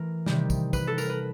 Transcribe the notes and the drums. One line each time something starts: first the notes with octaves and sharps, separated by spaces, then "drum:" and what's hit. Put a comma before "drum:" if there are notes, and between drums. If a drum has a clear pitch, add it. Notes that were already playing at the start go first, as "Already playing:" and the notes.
Already playing: E3 A3 A#4
C3 D#3 G3, drum: snare
drum: kick, tambourine
B4, drum: kick, tambourine
A4
A#4, drum: tambourine
B4